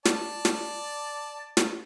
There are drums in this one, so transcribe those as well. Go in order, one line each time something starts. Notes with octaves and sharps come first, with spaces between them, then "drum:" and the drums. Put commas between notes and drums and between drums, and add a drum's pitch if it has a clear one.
D5 A5, drum: snare
drum: snare
drum: snare